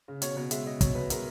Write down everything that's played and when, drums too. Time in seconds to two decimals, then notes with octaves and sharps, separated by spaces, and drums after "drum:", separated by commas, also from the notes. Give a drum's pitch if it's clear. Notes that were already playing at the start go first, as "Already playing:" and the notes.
0.08 C#3
0.22 B2 C#5, drum: hi-hat
0.37 B2 C#5
0.51 G#3 E5, drum: hi-hat
0.65 G#3 D#5
0.81 B2 C#5, drum: kick, hi-hat
0.95 B2 B4
1.10 G#3 A#4, drum: hi-hat